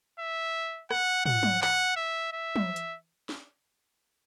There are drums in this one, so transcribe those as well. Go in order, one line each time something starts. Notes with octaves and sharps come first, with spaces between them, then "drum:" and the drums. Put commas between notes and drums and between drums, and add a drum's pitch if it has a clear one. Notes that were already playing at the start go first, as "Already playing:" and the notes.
E5
F#5, drum: rim click
F#5, drum: tom
drum: tom
F#5, drum: clap
E5
E5
drum: tom
drum: hi-hat
drum: snare